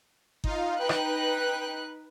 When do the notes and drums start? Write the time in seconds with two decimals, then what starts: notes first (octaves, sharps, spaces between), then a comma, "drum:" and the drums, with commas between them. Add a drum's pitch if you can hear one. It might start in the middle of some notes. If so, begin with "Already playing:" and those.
0.44 D#4 F4 F5, drum: kick G1
0.79 D#4 B4 G5 F#6
0.89 drum: rim click